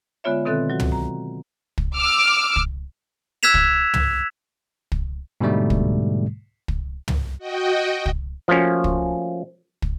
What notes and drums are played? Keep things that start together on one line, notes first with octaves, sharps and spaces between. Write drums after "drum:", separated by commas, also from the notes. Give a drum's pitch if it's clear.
D3 G#3 B3 F4 C#5 E5
B2 D#3 C4 A4 E5 F#6
F#3 F#4
drum: tom
A#5
drum: kick
D6 E6 F6
drum: kick
E6 F#6 G#6 B6 E7 F7
drum: kick
drum: tom
drum: kick
G#2 B2 D3 G3 A3
drum: kick
drum: kick
drum: tom
F#4 D#5 G5
drum: kick
F3 A3 A#3 C#4 F#4
drum: kick
drum: kick